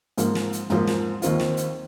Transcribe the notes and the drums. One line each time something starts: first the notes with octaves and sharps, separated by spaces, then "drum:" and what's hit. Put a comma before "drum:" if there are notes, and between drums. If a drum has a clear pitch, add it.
G#2 F3 A#3, drum: hi-hat
drum: snare
drum: hi-hat
G#2 F3 A#3, drum: tom
drum: snare
D#2 D#3 C4 F4, drum: hi-hat
drum: snare
drum: hi-hat